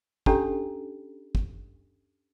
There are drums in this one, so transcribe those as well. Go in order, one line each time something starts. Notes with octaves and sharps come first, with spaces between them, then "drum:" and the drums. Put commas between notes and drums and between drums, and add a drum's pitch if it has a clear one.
C#4 D4 G4 A4 C#5 A#5, drum: kick
drum: kick